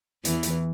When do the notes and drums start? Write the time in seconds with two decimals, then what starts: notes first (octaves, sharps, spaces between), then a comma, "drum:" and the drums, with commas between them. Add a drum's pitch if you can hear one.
0.25 E2 E3, drum: hi-hat
0.43 drum: hi-hat